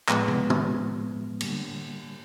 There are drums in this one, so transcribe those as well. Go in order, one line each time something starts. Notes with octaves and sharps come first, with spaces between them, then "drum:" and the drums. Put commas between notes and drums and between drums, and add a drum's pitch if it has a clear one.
A2 F3 G#3 B3, drum: clap
drum: tom
drum: tom
D3 G3 A#3, drum: cymbal